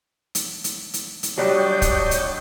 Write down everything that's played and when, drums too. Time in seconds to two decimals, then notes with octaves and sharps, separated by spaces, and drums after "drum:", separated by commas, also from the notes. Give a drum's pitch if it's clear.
0.35 drum: hi-hat
0.64 drum: hi-hat
0.94 drum: hi-hat
1.23 drum: hi-hat
1.38 F#3 G3 D4 C#5 D#5 G5
1.82 drum: kick, hi-hat
2.11 drum: hi-hat